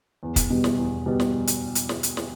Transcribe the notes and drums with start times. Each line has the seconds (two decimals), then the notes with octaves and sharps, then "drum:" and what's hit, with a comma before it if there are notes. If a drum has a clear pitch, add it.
0.23 E2
0.36 drum: kick, hi-hat
0.50 B2 G3 B3
0.64 drum: snare
0.77 E2
1.06 B2 G3 B3
1.20 drum: snare
1.47 drum: hi-hat
1.75 drum: hi-hat
1.89 drum: snare
2.03 drum: hi-hat
2.17 drum: snare